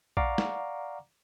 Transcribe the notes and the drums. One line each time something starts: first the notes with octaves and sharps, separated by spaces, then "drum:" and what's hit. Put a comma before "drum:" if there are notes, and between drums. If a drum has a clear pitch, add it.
D5 F5 F#5 A#5 C#6 D6, drum: kick A#1
drum: snare